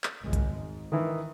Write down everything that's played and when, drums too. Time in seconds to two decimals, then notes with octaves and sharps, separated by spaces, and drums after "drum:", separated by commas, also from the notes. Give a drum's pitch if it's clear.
0.04 drum: clap
0.23 G#1 C#2 G#3
0.33 drum: kick, hi-hat
0.54 G#2
0.92 D#3 E3